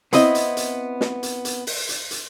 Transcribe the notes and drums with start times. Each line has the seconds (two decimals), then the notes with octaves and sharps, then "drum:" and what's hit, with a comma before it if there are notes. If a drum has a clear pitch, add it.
0.13 B3 C4 E4 D#5, drum: hi-hat
0.35 drum: hi-hat
0.57 drum: hi-hat
1.01 drum: snare
1.23 drum: hi-hat
1.45 drum: hi-hat
1.67 drum: open hi-hat
1.89 drum: hi-hat
2.11 drum: hi-hat